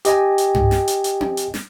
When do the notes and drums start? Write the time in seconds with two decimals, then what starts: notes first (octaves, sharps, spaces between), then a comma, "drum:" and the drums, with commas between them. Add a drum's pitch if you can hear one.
0.05 G4 D#5 G5 G#5, drum: hi-hat
0.38 drum: hi-hat
0.54 drum: tom G2
0.71 drum: snare
0.88 drum: hi-hat
1.04 drum: hi-hat
1.21 drum: tom C4
1.37 drum: hi-hat
1.54 drum: snare